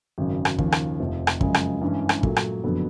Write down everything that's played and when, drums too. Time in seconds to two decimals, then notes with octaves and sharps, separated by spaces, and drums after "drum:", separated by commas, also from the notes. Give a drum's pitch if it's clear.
0.18 G#1 F#2 C#3 F#3
0.45 drum: rim click
0.59 D#2 C#3 F3, drum: kick
0.72 drum: rim click
1.00 F1 F2 C3 F3
1.27 drum: rim click
1.41 F#2 C#3 F3 G#3, drum: kick
1.54 drum: rim click
1.81 G2 E3 G#3 C#4
2.09 drum: rim click
2.23 A#2 F#3 A3, drum: kick
2.36 drum: rim click
2.64 F#1 F2 D3 F#3 B3